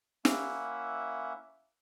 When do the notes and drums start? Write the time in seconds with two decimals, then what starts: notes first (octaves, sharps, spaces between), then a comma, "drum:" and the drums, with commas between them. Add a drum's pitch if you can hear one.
0.25 A#3 C#4 E4 E5 F#5, drum: snare